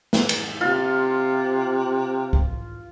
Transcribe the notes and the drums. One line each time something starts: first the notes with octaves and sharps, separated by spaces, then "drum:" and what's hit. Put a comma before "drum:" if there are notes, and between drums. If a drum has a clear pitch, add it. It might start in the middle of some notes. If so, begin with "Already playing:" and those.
drum: snare
drum: cymbal
C3 F4
drum: kick C2